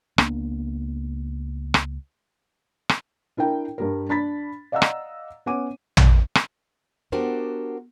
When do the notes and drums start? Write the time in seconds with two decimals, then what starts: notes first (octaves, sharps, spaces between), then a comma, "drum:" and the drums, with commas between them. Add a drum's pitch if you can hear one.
0.18 C#2 A#3 B3 D4, drum: rim click
1.74 drum: rim click
2.89 drum: rim click
3.37 D4 E4 A#4 G5
3.78 G2 G3 A#4
4.09 D4 B5 A6 B6
4.72 D5 D#5 F5 F#5 A#5 E6
4.82 drum: rim click
5.46 B3 C#4 F#5 G#5 D6 D#7
5.97 drum: tom
6.35 drum: rim click
7.12 B3 D4 F#4 G4 A#4 C5